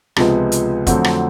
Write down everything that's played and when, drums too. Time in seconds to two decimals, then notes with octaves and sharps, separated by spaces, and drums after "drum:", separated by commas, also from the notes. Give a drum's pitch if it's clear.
0.16 C#2 C3 F3 G#3 B3, drum: rim click
0.52 drum: hi-hat
0.87 F2 D3 F#3 A3 C4, drum: kick, hi-hat
1.04 drum: rim click